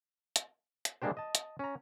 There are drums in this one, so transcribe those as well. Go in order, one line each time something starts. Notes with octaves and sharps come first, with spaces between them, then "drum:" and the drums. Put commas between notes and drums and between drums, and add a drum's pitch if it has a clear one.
drum: hi-hat
drum: hi-hat
G3 G#3 A#3 D4 G4 C5
D#5 A5
drum: hi-hat
C#4 A#5